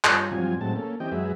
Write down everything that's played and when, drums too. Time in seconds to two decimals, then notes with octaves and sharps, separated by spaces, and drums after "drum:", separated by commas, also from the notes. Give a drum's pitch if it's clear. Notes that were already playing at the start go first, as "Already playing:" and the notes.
0.04 G2 F4 C#5, drum: clap
0.31 G2 F3 F#3 C4 F4 G#5
0.61 A2 F#3 G#3 C4 A5
0.75 A#3 C#4 A4
1.00 E3 C4 G4 D#5 G5
1.12 F#2 F#3 G#3 G#4 B4 E5